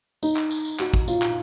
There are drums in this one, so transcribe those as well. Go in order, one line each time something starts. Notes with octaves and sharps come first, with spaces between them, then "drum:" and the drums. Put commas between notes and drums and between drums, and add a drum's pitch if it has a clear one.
D#4, drum: tambourine
drum: clap
drum: tambourine
drum: tambourine
F#4, drum: clap
drum: kick
F4, drum: tambourine
drum: clap